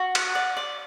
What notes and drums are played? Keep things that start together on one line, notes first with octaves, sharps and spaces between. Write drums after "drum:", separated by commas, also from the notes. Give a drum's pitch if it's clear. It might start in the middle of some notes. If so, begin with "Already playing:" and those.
Already playing: F#4
F#5, drum: cymbal
D5
D5